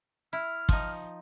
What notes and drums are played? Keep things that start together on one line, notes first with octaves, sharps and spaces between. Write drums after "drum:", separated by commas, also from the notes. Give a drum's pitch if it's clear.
E4 F6
F3 D#4, drum: kick